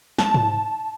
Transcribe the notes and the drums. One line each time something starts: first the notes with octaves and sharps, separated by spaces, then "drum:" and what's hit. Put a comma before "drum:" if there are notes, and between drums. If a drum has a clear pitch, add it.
A5, drum: snare
drum: tom G#2